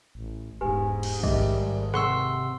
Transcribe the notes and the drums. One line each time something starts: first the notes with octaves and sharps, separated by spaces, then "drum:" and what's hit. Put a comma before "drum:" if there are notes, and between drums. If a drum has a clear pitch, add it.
A1
E1 G#2 G4 B4 G#5
drum: cymbal
G#1 G#2 G3 D#5 E5 D6, drum: kick
C3 B4 F#5 C6 C#6 E6, drum: rim click